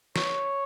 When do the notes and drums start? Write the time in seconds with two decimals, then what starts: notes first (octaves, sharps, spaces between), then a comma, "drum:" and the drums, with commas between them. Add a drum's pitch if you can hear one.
0.16 C#5, drum: snare